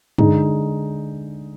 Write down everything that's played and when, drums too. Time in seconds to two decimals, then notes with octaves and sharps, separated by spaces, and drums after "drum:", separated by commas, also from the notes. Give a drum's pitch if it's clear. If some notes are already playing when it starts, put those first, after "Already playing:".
0.18 D3 G#3 D#4 G#4, drum: tom G2